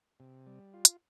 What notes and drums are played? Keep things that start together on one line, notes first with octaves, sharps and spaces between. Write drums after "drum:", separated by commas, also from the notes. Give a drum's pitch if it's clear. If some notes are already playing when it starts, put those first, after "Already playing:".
C3
G3
F4
drum: hi-hat